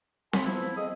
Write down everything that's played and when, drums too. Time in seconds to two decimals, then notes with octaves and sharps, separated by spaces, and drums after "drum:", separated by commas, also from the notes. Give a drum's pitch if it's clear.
0.33 G#5 B5 C6, drum: snare C4
0.45 F3 B3 E4
0.77 F2 G#4 D#5 D#6